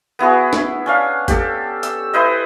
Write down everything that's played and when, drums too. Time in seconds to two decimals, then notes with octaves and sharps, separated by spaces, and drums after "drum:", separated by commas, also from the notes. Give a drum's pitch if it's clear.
0.19 B3 E4 F#4 G#4
0.53 drum: snare
0.86 C#4 D4 F5
1.28 G4 A4, drum: kick, hi-hat
1.83 E6, drum: hi-hat
2.13 E4 B4 C5 D#5